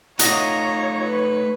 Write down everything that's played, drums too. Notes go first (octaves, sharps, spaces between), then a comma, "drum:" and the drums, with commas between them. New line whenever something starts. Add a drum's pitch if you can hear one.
A3 D#4 F4 C#5 D#5 F#5 A#5, drum: hi-hat
B4